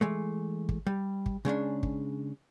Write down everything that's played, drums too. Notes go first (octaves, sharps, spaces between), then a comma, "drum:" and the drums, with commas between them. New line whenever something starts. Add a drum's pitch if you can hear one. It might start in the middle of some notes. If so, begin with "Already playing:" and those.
E3 G#3 A3
drum: kick
G3
drum: kick
C#3 G#3 C#4 D4
drum: kick